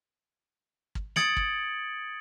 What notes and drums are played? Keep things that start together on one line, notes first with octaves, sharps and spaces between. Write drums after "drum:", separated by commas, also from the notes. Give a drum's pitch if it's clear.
drum: kick
D#6 G#6 A6 C#7 D7 F#7, drum: snare
drum: kick